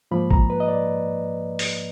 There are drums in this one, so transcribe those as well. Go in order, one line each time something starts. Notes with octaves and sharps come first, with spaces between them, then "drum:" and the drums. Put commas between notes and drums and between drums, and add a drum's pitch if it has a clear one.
G#2 F3 A#3 B5
A#5, drum: kick A1
B4
D#5
D5
drum: open hi-hat